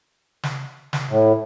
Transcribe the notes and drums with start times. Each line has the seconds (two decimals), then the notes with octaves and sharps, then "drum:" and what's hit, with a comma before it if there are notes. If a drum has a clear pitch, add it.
0.43 drum: snare
0.93 drum: snare
1.09 A2